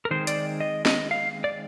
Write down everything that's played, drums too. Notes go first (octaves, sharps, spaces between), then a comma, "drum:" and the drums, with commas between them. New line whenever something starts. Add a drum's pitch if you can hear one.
A#4
D#3 G#3 C4 C5
D5, drum: hi-hat
D#5
D#5, drum: snare
F5
D5